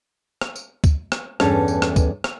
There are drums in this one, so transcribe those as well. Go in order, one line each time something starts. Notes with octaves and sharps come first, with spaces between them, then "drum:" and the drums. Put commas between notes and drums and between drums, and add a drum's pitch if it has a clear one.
drum: rim click
drum: tambourine
drum: kick D2, tambourine
drum: rim click
E2 G2 C#4 A4, drum: rim click
drum: tambourine
drum: rim click
drum: kick D2, tambourine
drum: rim click